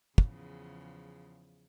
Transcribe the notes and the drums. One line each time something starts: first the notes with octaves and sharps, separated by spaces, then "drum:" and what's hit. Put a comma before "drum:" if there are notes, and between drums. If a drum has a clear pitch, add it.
E2 C#3 F3, drum: kick